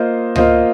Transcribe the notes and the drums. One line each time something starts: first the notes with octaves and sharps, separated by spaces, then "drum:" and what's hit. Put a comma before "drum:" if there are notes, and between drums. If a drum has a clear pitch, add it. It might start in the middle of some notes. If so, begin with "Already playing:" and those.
Already playing: A#3 F4 C5 D#5
A#3 F4 C5 D#5, drum: tom C#2